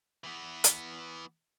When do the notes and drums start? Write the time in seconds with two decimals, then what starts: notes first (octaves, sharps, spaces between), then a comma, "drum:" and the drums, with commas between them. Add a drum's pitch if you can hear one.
0.24 E3 B3
0.64 drum: hi-hat